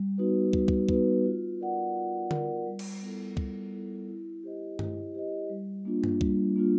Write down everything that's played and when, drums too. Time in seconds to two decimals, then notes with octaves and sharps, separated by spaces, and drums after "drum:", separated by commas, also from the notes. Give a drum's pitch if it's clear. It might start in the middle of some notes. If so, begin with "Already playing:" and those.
Already playing: G3
0.18 B3 D#4 F#4 B4
0.53 G3, drum: kick
0.68 drum: kick
0.89 B3 D#4 F#4 B4, drum: kick
1.25 F4
1.60 A#4 D5 F#5
1.95 F4
2.31 A#4 D5 F#5, drum: tom D3
2.67 G3
2.79 drum: cymbal
3.02 B3 E4 A4
3.37 G3, drum: kick
3.73 B3 E4 A4
4.08 E4
4.43 G4 C5 D#5
4.79 E4, drum: tom G2
5.14 G4 C5 D#5
5.50 G3
5.85 A#3 D4 F4
6.04 drum: tom G2
6.21 G3, drum: kick
6.56 A#3 D4 F4